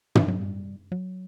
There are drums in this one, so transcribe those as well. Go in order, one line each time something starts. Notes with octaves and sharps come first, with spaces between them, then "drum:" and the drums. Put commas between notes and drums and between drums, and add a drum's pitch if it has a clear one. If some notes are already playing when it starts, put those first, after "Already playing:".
E3, drum: tom
F#3
G3
F#3